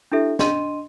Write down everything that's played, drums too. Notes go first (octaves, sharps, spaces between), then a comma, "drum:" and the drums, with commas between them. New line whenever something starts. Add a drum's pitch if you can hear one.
D4 E4 G4 A4 E5
D4 D#5 C6 D#7, drum: snare